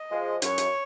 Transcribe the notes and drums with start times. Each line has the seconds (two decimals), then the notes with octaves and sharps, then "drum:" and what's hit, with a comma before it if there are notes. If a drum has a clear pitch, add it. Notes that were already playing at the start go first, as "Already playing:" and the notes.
Already playing: D#5
0.11 F3 G#3
0.42 F#2 C#5, drum: hi-hat
0.58 drum: hi-hat